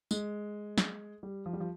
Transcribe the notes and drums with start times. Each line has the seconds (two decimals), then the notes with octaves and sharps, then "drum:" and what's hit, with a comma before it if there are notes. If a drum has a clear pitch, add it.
0.11 G#3, drum: tambourine
0.78 drum: snare
1.23 G3
1.46 F3
1.53 G3
1.60 F3